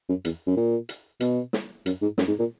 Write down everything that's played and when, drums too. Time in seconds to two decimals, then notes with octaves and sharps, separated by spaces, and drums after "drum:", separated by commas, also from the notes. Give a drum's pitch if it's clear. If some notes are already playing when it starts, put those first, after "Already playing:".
0.09 F#2
0.25 E2, drum: hi-hat
0.47 F#2
0.57 A#2
0.89 drum: hi-hat
1.20 B2, drum: hi-hat
1.53 drum: snare
1.86 F#2, drum: hi-hat
2.02 G#2
2.18 F#2, drum: snare
2.28 G#2
2.39 A#2